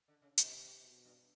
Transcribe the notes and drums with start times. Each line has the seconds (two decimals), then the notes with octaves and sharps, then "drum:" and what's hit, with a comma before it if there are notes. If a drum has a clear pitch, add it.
0.08 D3
0.22 C#3
0.38 G#2 C3, drum: hi-hat
0.83 B2
1.05 G2